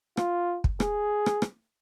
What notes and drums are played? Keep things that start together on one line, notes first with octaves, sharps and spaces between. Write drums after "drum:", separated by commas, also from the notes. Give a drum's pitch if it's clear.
F4, drum: rim click
drum: kick
G#4, drum: rim click
drum: rim click
drum: rim click